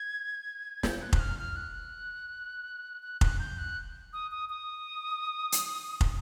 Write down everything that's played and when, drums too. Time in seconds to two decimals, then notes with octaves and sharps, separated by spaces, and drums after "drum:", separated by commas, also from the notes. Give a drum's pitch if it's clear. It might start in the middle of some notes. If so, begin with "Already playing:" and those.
Already playing: G#6
0.83 G6, drum: snare
1.02 F#6
1.13 F#6, drum: kick
1.20 F6
1.39 F6
1.56 F#6
3.03 F#6
3.21 F#6, drum: kick
3.39 G6
3.58 F#6
4.13 D#6
4.31 D#6
4.49 D#6
5.52 drum: hi-hat
6.01 drum: kick